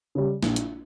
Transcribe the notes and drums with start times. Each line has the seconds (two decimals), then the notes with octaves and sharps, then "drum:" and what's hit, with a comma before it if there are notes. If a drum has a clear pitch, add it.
0.15 C#3 G3
0.43 A#1, drum: snare
0.56 drum: hi-hat